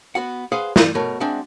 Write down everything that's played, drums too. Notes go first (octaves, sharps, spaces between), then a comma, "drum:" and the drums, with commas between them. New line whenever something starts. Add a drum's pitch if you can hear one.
B3 F#4 F#5
G#4 B4 C5 F5 F#5
D5, drum: snare
B2 A3 A#4 C#5
G#3 C4 D4 F#4 E5 F#5